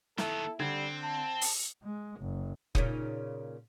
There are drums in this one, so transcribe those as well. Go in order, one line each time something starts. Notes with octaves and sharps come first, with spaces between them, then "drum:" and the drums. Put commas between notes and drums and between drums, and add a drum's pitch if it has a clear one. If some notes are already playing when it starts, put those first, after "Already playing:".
D#3 B3 E4 A4, drum: snare
D3 G3 C4 G#6
A5
drum: open hi-hat
G#3
F#1
A#2 C#3 D#4, drum: kick